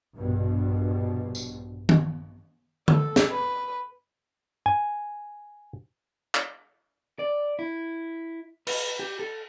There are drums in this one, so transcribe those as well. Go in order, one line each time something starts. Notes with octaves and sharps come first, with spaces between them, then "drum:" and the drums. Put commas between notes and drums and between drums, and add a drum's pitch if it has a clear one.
A#1 G2 B2
drum: tambourine
drum: tom D#3
A4, drum: tom D3
drum: snare
B4
G#5
drum: clap
D5
E4
B4, drum: cymbal
G4
A4